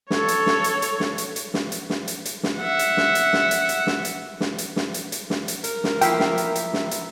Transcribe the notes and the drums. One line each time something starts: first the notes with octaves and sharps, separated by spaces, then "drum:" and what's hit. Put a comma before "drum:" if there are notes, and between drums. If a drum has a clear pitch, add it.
A4 C#5, drum: snare
drum: hi-hat
drum: snare
drum: hi-hat
drum: hi-hat
drum: snare
drum: hi-hat
drum: hi-hat
drum: snare
drum: hi-hat
drum: snare
drum: hi-hat
drum: hi-hat
drum: snare
E5 F#5
drum: hi-hat
drum: snare
drum: hi-hat
drum: snare
drum: hi-hat
drum: hi-hat
drum: snare
drum: hi-hat
drum: snare
drum: hi-hat
drum: snare
drum: hi-hat
drum: hi-hat
drum: snare
drum: hi-hat
A#4, drum: hi-hat
drum: snare
F3 A#3 E4 G5 A#5 E6 B6, drum: hi-hat
drum: snare
drum: hi-hat
drum: hi-hat
drum: snare
drum: hi-hat